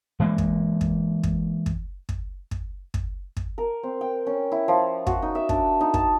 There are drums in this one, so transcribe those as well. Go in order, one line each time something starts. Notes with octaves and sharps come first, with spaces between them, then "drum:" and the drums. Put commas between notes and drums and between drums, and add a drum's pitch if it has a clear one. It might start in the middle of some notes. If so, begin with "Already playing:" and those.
E3 G#3 A#3
drum: kick
drum: kick
drum: kick
drum: kick
drum: kick
drum: kick
drum: kick
drum: kick
A#4
C4
G5
C#4
E4
F3
F#4, drum: kick
D#4
E5
D4, drum: kick
D#4
A5, drum: kick